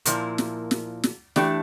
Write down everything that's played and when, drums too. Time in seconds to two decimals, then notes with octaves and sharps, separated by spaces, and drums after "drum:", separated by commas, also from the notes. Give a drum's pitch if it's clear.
0.05 A#2 F3 A#3 E4, drum: hi-hat
0.38 drum: snare
0.71 drum: snare
1.04 drum: snare
1.36 E3 A3 D4 G4, drum: snare